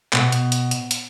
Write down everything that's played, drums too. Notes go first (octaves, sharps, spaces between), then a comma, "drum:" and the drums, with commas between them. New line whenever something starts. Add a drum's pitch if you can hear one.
B2, drum: clap
drum: hi-hat
drum: hi-hat
drum: hi-hat
drum: hi-hat